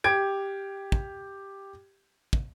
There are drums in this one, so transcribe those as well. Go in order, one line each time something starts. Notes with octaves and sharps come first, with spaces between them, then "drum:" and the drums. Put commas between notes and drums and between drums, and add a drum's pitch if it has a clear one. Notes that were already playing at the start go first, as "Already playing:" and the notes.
G4 G#6 D7
drum: kick
drum: kick